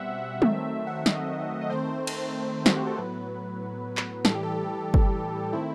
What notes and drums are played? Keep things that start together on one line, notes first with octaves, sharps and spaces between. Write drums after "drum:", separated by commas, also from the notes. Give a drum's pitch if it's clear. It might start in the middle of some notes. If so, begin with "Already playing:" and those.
Already playing: B2 G3 C4 E5 F#5
D#3 F#3 A3 C4, drum: tom
F#5
E5
D#5, drum: snare
D#5
D#3 A3 C4 C5
drum: cymbal
F#4, drum: snare
G4
A4
A2 F#3 B3 B4
drum: clap
A2 E3 G3 A4, drum: snare
G4
A4
drum: kick G1
D#3 A3 C4 E4